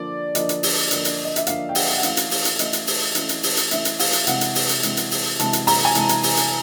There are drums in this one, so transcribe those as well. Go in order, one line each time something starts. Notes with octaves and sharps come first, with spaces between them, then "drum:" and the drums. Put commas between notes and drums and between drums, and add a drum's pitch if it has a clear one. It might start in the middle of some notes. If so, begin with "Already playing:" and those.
Already playing: D3 F3 A#3 D5
D3 F3 A#3 D#5, drum: hi-hat
drum: hi-hat
drum: open hi-hat
D3 F3 A#3, drum: hi-hat
drum: hi-hat
D#5
E5, drum: hi-hat
D3 F3 A#3 F5, drum: hi-hat
G5
F#5, drum: open hi-hat
F#5
E3 A3 C#4 F5, drum: hi-hat
drum: hi-hat
drum: open hi-hat
drum: hi-hat
E3 A3 C#4 D#5, drum: hi-hat
drum: hi-hat
drum: open hi-hat
E3 A3 C#4, drum: hi-hat
drum: hi-hat
drum: open hi-hat
drum: hi-hat
E3 A3 C#4 E5, drum: hi-hat
drum: hi-hat
F5, drum: open hi-hat
drum: hi-hat
C3 E3 G#3 F#5, drum: hi-hat
drum: hi-hat
drum: open hi-hat
drum: hi-hat
C3 E3 G#3, drum: hi-hat
drum: hi-hat
drum: open hi-hat
C3 E3 G#3 A5, drum: hi-hat
drum: hi-hat
A#5, drum: open hi-hat
G#5
C3 E3 G#3 A5, drum: hi-hat
drum: hi-hat
drum: open hi-hat
drum: hi-hat